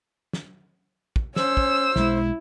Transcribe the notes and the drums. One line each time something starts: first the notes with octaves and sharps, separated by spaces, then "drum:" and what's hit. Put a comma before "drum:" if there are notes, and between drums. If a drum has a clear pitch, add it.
drum: snare
drum: kick
C#4 C5 E6, drum: snare
drum: kick
B1 G#3 E4, drum: snare